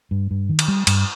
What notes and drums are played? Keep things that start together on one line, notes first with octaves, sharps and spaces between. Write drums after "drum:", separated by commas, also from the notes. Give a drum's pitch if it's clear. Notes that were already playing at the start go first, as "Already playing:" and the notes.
G2
G2
D#3
drum: cymbal
G3
G2, drum: cymbal